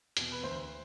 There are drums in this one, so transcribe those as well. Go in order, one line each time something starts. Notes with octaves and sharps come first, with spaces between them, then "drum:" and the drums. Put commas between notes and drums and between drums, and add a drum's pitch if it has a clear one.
E2 B2, drum: hi-hat
B4
D2 C5